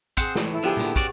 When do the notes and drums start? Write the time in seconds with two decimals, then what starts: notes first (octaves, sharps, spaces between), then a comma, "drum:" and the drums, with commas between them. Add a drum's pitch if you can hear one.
0.17 C4 G#4 C5 F#5, drum: kick, hi-hat
0.35 A2 E3, drum: snare
0.52 E4 A4
0.64 D3 F3 B3 G4 G#4
0.77 A#2 D3, drum: tom A#2
0.96 C#4 F#4 D5, drum: kick, hi-hat